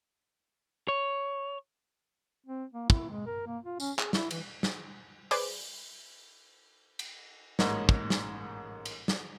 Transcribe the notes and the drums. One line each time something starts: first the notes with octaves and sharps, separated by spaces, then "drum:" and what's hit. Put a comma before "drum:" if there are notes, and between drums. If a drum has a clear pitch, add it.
C#5
C4
A#3
E4, drum: kick
G#3
A#4
A#3
F4
C#4, drum: tambourine
G#4, drum: clap
E4, drum: snare
E3, drum: cymbal
drum: snare
G#4 B4 C5 D5 D6, drum: open hi-hat
drum: cymbal
A1 G#2 A#3 D#4 C#5, drum: snare
drum: kick
drum: snare
drum: cymbal
drum: snare